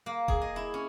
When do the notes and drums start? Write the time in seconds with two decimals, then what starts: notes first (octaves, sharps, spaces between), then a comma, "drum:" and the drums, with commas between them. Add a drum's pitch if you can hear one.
0.06 A#3
0.28 G#4, drum: kick E1
0.41 D#5
0.56 E4
0.74 C#4